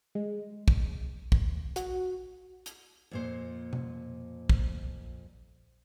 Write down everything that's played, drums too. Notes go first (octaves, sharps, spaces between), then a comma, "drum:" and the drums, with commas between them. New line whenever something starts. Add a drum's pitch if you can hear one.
G#3
drum: kick
D#2, drum: kick
F#4, drum: hi-hat
drum: hi-hat
F2 A#2 C5
drum: tom B2
drum: kick